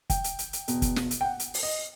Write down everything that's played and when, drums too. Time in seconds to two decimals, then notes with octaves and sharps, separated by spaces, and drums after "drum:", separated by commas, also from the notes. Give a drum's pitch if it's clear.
0.10 G5, drum: kick, hi-hat
0.24 drum: hi-hat
0.39 drum: hi-hat
0.53 drum: hi-hat
0.68 E2 B2, drum: hi-hat
0.82 drum: kick, hi-hat
0.96 drum: snare
1.11 drum: hi-hat
1.21 G5
1.25 F#5
1.40 drum: hi-hat
1.54 drum: open hi-hat
1.63 D#5